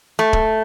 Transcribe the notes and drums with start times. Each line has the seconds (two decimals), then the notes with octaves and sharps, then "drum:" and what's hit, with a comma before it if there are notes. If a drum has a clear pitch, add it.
0.19 A3
0.33 drum: kick D1